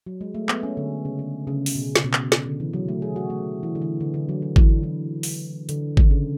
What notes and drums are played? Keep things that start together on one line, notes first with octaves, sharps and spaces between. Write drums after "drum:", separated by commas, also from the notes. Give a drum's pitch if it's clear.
F#3
G#3
A3
B3, drum: clap
C#4
D3
C#3
D3
C#3
drum: open hi-hat
B2
C#3, drum: snare
B2
drum: clap
C#3, drum: snare
D3
E3
F#3
A3
G#4
F#4
A3
E3
D3
E3
D3
D3
F#3
F#3
E3, drum: kick G#1
D3
E3
drum: open hi-hat
D3, drum: hi-hat
D3, drum: kick G#1
C#3